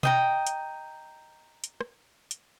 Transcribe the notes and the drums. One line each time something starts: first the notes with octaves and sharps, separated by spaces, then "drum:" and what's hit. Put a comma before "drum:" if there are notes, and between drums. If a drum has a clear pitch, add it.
D#5 G5 A#5, drum: tom B2
drum: hi-hat
drum: hi-hat
drum: rim click
drum: hi-hat